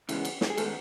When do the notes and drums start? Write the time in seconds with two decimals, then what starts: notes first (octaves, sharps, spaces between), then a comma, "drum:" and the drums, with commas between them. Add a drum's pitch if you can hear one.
0.09 E2 C#3 E3 G#3 B3, drum: cymbal
0.25 drum: cymbal
0.41 drum: snare
0.50 G#4
0.57 D#3 G#3 A3 B3 A4, drum: cymbal